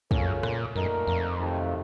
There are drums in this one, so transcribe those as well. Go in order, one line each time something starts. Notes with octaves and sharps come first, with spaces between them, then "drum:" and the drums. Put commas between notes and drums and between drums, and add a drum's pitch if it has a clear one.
A2 C#3 A3 C#4 F4 A#4, drum: kick
F2
F#2
A#2, drum: rim click
F#2 A#2 A3 D#4 A#4
F2
C3 D#3 F#3 A3 D#4